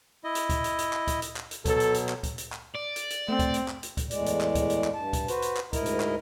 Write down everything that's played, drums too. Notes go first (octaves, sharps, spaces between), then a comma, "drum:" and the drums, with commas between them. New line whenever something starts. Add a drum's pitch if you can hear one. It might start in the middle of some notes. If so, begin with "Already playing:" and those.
E4 D#5
drum: hi-hat
drum: kick C#2, hi-hat
drum: hi-hat
drum: hi-hat
drum: clap
drum: kick C#2, hi-hat
drum: hi-hat
drum: clap
drum: hi-hat
B2 F#3 A4, drum: kick C#2, hi-hat
drum: hi-hat
drum: hi-hat
drum: clap
drum: kick C#2, hi-hat
drum: hi-hat
drum: clap
D5
drum: hi-hat
drum: hi-hat
A3 C4
drum: kick C#2, hi-hat
drum: hi-hat
drum: clap
drum: hi-hat
drum: kick C#2, hi-hat
E2 A2 G#3 D5, drum: hi-hat
drum: hi-hat
drum: clap
drum: kick C#2, hi-hat
drum: hi-hat
drum: clap
G2 A5
drum: kick C#2, hi-hat
F#4 B4 C5, drum: hi-hat
drum: hi-hat
drum: clap
D2 G#2 E4 A#4 D#5 A#5, drum: kick C#2, hi-hat
drum: hi-hat
drum: clap